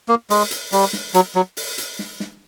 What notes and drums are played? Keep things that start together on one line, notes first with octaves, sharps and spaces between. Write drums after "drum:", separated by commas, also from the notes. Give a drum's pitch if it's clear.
A#3
G#3, drum: open hi-hat
drum: hi-hat
G3, drum: open hi-hat
drum: snare
F#3, drum: hi-hat
F#3
drum: open hi-hat
drum: hi-hat
drum: snare
drum: snare